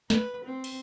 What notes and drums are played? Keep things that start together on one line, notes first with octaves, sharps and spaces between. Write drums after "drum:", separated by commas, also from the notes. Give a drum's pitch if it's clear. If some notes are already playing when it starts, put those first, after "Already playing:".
B4, drum: snare
C4
drum: cymbal